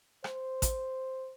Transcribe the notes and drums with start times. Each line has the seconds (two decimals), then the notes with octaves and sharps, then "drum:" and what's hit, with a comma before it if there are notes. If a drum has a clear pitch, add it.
0.24 C5, drum: rim click
0.62 drum: kick A1, hi-hat